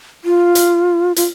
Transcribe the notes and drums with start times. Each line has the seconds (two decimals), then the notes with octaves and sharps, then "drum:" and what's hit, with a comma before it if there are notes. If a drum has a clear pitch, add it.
0.25 F4
0.55 drum: hi-hat
1.16 F4, drum: hi-hat